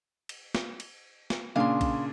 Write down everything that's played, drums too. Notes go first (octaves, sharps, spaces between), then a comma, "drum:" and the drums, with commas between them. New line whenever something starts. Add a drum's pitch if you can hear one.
drum: cymbal
drum: snare
drum: cymbal
drum: snare
A#2 C#3 D4 F5 C6
drum: kick A#1, cymbal